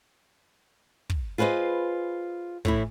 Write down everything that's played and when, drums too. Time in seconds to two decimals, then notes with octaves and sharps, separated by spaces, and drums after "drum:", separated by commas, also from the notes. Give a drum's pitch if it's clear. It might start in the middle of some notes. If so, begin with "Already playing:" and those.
1.10 drum: kick
1.38 F4 G#4 B4 C5 D#5
2.65 A2 E3 E4, drum: kick